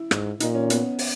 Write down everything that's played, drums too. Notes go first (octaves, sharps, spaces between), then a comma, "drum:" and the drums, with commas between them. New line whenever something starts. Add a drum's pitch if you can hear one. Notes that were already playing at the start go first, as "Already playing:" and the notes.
Already playing: E4
G#2, drum: rim click
A#2 D#4, drum: hi-hat
C#4
B3, drum: hi-hat
drum: open hi-hat